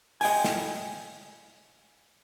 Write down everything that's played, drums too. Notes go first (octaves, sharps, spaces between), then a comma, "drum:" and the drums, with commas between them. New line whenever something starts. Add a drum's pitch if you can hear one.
D#5 G5 G#5, drum: open hi-hat
drum: snare